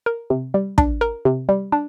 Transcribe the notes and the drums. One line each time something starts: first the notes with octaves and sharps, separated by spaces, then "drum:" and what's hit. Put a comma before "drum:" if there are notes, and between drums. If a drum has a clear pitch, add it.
A#4
C3
G3
D4, drum: kick
A#4
C3
G3
D4